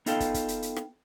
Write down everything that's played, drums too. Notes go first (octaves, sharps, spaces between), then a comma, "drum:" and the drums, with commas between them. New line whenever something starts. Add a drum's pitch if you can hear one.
B3 D#4 F4 A4 F5 G5, drum: hi-hat
drum: kick, hi-hat
drum: kick, hi-hat
drum: hi-hat
drum: hi-hat
drum: rim click